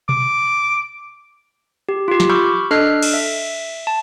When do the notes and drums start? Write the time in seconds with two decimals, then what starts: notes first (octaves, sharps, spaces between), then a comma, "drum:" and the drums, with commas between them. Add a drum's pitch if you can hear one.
0.09 D6, drum: tom B2
1.89 G4
2.08 F4 G4
2.20 drum: snare
2.30 B5 C#6 D6 E6 F6 G6
2.71 D4 A4 D#5 F6 F#6 C7
3.02 drum: cymbal
3.14 E5
3.87 A5